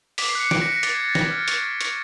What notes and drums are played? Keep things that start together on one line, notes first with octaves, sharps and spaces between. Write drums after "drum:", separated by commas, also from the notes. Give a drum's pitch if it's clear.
D6 B6, drum: open hi-hat
C7
F#6 C#7
D6 D7, drum: snare
A#6
F#6
A#6
D6 A6, drum: hi-hat
G#6
F6
A6
D6 A#6, drum: snare
F6
C#6, drum: hi-hat
F#6
C#6, drum: hi-hat